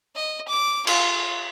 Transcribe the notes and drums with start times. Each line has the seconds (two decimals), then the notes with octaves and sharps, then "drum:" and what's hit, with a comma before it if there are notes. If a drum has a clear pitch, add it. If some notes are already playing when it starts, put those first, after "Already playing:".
0.15 D#5
0.48 D6
0.87 F4, drum: cymbal